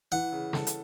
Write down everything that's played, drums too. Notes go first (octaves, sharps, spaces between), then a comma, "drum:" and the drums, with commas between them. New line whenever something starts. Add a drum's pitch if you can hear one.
E3 F#5
C#3
A4, drum: snare
drum: hi-hat